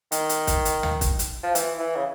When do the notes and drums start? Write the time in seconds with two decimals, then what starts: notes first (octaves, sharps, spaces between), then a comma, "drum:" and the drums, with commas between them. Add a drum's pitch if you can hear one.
0.12 D#3, drum: hi-hat
0.29 drum: hi-hat
0.47 drum: kick, hi-hat
0.65 drum: hi-hat
0.83 drum: tom
1.01 drum: kick, hi-hat
1.19 drum: hi-hat
1.43 F3
1.55 E3, drum: hi-hat
1.79 E3
1.96 C#3